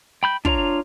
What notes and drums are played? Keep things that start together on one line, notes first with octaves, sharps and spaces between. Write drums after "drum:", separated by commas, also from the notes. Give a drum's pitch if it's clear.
G5 B5 G6
D4 F4 C#5 A#5, drum: kick